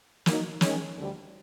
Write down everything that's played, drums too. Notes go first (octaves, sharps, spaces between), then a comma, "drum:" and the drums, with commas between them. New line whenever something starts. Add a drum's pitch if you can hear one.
F#3 A#3 D#4, drum: snare
D#3 G#3 C#4, drum: snare
D2 D3 G3